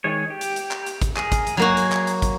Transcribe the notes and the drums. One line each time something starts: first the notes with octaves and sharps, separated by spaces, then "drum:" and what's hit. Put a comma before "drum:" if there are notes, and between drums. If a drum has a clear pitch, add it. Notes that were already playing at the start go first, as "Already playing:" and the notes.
D#3 G#3 C#5
G4
drum: hi-hat
drum: hi-hat
drum: clap
drum: hi-hat
drum: kick, hi-hat
G#4 A#4, drum: clap
drum: kick, hi-hat
drum: hi-hat
F#3 A#3 F#4 G#4 A#5
drum: hi-hat
drum: clap
drum: hi-hat
drum: kick, hi-hat